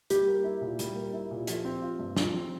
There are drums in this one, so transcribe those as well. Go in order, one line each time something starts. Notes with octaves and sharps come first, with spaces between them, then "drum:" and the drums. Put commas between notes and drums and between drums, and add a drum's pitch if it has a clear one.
G3 G4, drum: hi-hat
A#3
E4
A#2
G3, drum: hi-hat
A#3
E4
A#2
F3, drum: hi-hat
C4
F4
G2
F3, drum: snare
C4